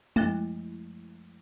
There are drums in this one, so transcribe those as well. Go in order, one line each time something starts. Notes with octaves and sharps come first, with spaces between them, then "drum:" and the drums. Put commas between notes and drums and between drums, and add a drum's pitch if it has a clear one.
F#2 F3 G#3 A3 E4, drum: tom G#3